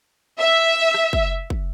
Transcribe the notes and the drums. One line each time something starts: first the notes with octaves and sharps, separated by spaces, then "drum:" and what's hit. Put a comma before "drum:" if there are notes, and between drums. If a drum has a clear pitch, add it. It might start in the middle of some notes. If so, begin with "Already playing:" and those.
E5
drum: rim click
drum: kick
drum: kick